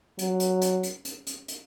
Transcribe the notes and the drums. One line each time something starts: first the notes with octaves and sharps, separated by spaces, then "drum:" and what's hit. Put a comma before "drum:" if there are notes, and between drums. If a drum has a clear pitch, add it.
F#3, drum: hi-hat
drum: hi-hat
drum: hi-hat
drum: hi-hat
drum: hi-hat
drum: hi-hat
drum: hi-hat